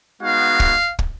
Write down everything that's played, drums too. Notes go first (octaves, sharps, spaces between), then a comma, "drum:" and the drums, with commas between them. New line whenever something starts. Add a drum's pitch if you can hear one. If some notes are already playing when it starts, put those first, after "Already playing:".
G#3 B3 D#4 F#4 F5
drum: kick
drum: kick